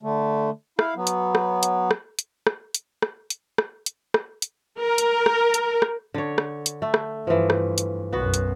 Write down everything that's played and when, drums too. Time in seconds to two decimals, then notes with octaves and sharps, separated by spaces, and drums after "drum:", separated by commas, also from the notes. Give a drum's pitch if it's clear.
0.03 D3 A3
0.79 E4 F5, drum: rim click
0.96 F#3 B3
1.07 drum: hi-hat
1.35 drum: rim click
1.63 drum: hi-hat
1.91 drum: rim click
2.19 drum: hi-hat
2.47 drum: rim click
2.75 drum: hi-hat
3.02 drum: rim click
3.30 drum: hi-hat
3.58 drum: rim click
3.86 drum: hi-hat
4.14 drum: rim click
4.42 drum: hi-hat
4.79 A#4
4.98 drum: hi-hat
5.26 drum: rim click
5.54 drum: hi-hat
5.82 drum: rim click
6.14 D3 C#5
6.38 drum: rim click
6.66 drum: hi-hat
6.82 A3
6.94 drum: rim click
7.27 G2 E3 F3
7.50 drum: rim click
7.78 drum: hi-hat
8.13 B1 F#2 B3 F#4
8.34 drum: hi-hat